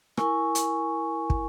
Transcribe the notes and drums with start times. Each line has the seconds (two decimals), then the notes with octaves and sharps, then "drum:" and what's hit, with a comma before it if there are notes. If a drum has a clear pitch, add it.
0.17 E4 A#4 G#5 C#6, drum: rim click
0.55 drum: hi-hat
1.30 drum: kick